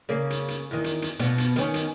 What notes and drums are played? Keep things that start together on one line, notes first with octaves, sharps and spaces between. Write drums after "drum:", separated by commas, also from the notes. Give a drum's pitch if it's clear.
C#3 A#3
drum: hi-hat
drum: hi-hat
E2 D#3
drum: hi-hat
drum: hi-hat
B2 F3 B3, drum: hi-hat
drum: hi-hat
D#3 B3 C#4, drum: hi-hat
drum: hi-hat